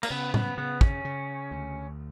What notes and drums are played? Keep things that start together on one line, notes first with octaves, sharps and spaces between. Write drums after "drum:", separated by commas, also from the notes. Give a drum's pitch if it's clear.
A#3, drum: cymbal
C#3 B3
B3, drum: tom A2
C#3 B3
C#4, drum: kick
C#3
D2